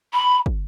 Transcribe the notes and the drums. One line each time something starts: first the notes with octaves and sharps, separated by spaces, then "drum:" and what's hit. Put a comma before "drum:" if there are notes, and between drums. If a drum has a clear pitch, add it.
B5
drum: kick